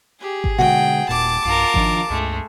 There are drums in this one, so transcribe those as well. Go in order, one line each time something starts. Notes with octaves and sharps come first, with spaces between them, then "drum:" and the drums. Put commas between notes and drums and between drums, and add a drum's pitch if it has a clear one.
G4 G#4
drum: kick G#1
B2 D3 G#3 F#4 G5
D#1 A#2 A5 D6
B1 G2 F4 A#4
D#3 F3 D4, drum: kick G#1
C#2 G2 G#3 A3